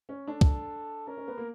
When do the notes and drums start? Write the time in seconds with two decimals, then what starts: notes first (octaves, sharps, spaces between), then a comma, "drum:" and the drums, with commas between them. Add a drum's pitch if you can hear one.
0.09 C#4
0.27 D4 A4
0.41 drum: kick
1.07 C#4 A#4
1.17 C#4
1.28 B3
1.38 A#3